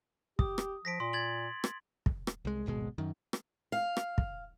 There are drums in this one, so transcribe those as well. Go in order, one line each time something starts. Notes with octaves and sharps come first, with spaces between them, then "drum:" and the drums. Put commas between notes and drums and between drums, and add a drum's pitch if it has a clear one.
G4 D#6, drum: kick
drum: rim click
F3 A#6 B6 D7
A#2 C6
G#6 A6 F#7
drum: rim click
drum: kick
drum: rim click
C2 G#3
D1 G#1 B2 G#3
F#2 D#3
drum: rim click
F5
drum: rim click
drum: kick